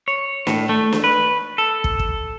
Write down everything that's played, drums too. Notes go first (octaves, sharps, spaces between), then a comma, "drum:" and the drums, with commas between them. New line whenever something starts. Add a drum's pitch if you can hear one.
C#5
A2, drum: snare
A3
drum: snare
B4
A4
drum: kick
drum: kick